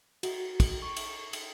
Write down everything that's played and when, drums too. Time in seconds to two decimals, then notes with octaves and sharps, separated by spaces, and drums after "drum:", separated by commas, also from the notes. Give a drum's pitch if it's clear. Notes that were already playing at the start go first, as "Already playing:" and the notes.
0.23 F#4, drum: cymbal
0.60 drum: kick, cymbal
0.82 C#6
0.97 drum: cymbal
1.33 drum: cymbal